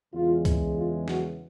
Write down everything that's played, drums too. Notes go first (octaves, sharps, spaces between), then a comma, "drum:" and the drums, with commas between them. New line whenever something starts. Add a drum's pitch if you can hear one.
E2 C#3 E3 G#3 F4
drum: kick C2, hi-hat
F4
F#4, drum: snare